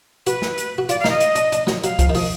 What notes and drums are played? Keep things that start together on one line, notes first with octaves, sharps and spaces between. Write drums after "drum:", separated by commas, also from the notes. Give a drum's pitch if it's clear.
F#4 B4, drum: hi-hat
drum: snare
drum: hi-hat
F#4
F4 D5, drum: hi-hat
F5
D#4, drum: snare
D#5
drum: hi-hat
D4, drum: hi-hat
D4, drum: hi-hat
F#3, drum: snare
F#3 F5, drum: hi-hat
F3, drum: kick C2, hi-hat
D#3
F3 D#6, drum: open hi-hat